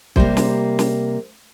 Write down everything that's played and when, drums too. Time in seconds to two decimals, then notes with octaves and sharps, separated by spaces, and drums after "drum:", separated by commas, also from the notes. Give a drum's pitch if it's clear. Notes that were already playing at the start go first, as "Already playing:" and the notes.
0.16 C3 G3 A#3 C5, drum: kick
0.37 drum: snare
0.79 drum: snare